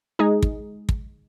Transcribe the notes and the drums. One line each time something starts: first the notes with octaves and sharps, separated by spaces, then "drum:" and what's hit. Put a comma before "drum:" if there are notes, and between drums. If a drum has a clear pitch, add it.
G#3 D#4 G#4
drum: kick
drum: kick